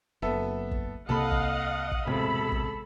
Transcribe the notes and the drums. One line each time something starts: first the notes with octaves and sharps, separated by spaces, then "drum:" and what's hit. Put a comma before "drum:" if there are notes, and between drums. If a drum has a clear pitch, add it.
F#1 B3 A4 E5
drum: kick
C2 C3 A#3 A4 D#5 F5 F#5 B5
drum: kick
drum: kick
E1 A2 C3 A4 B5
drum: kick